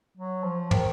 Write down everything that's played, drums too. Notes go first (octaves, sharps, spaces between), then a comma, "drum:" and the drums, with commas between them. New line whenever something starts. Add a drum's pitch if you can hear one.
F#3
F3
D#3, drum: tom